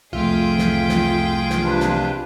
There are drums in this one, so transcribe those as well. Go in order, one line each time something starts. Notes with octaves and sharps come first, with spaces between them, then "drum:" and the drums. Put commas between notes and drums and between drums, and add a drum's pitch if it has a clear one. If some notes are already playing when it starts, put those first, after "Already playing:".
C2 F2 F3 A3 F4 G#4 E5 G5
drum: snare
drum: snare
drum: snare
C3 D4 B4
drum: snare